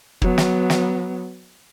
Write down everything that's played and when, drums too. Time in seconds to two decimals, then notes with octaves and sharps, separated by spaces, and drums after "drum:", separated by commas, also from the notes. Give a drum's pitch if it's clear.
0.22 F#3 B3, drum: kick
0.38 drum: snare
0.70 drum: snare